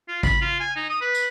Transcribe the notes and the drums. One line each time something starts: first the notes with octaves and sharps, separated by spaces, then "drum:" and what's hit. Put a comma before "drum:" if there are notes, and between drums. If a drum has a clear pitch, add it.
F4
B5, drum: kick G#1, tambourine
F4
G#5
D#4
D#6
B4
drum: tambourine